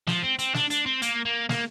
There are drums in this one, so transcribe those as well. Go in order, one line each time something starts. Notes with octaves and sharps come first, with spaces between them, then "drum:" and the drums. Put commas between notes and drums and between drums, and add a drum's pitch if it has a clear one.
F3, drum: snare
C4
C4, drum: hi-hat
D4, drum: snare
D4, drum: hi-hat
C4
A#3, drum: hi-hat
A#3
A#3, drum: snare